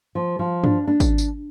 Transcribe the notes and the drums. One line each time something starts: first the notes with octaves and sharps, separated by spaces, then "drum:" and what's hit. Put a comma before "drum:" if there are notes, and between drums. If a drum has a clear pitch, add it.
F3
F3
D4, drum: tom G2
D4
drum: kick, tambourine
drum: tambourine